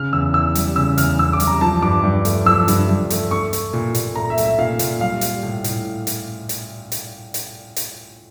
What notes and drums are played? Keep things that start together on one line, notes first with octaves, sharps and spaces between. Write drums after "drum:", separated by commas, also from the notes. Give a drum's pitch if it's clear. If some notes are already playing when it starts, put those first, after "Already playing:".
Already playing: C#3 F6
E2 E6
E2 E6
G3, drum: hi-hat
C#3 E6
E2 F6, drum: hi-hat
E2 E6
D6
G3, drum: hi-hat
A#5
F3 A5
G2 D6
G2
A3, drum: hi-hat
F3 E6
G2, drum: hi-hat
G2
A3, drum: hi-hat
A3 C#6
A3, drum: hi-hat
A#2
A#2, drum: hi-hat
A3 A#5
E5
A3, drum: hi-hat
E5
A#2 F5
A#2, drum: hi-hat
G3 F5
G3, drum: hi-hat
A2
A2, drum: hi-hat
drum: hi-hat
drum: hi-hat
drum: hi-hat
drum: hi-hat
drum: hi-hat